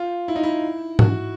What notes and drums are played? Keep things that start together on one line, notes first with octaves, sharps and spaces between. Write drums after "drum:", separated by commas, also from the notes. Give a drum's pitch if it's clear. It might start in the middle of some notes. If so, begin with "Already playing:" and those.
Already playing: F4
E4
D#4
E4
F#4, drum: tom G#2